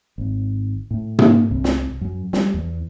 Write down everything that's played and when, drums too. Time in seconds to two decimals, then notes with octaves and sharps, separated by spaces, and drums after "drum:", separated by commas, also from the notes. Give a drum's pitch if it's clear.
0.18 G#1
0.91 A2
1.19 A#3, drum: tom
1.51 C2
1.64 drum: snare
2.01 F#2
2.33 G3, drum: snare
2.54 E2